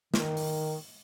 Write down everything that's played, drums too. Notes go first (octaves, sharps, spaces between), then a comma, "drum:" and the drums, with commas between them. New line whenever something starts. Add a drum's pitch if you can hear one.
D#3, drum: snare
drum: open hi-hat